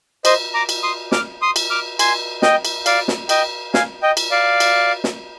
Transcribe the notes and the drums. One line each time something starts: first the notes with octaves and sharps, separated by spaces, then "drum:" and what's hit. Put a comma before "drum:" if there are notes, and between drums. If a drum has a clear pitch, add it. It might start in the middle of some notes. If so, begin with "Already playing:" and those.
C5 D#5, drum: cymbal
A#5 D6
drum: cymbal
C6 D#6
D6 F6, drum: snare
C6 D#6
drum: cymbal
D6 F6
G#5 C6, drum: cymbal
D#5 G5, drum: snare
drum: cymbal
D5 F5, drum: cymbal
drum: snare
D#5 G5, drum: cymbal
F5 G#5, drum: snare
D#5 G5
drum: cymbal
D5 F5
drum: cymbal
drum: snare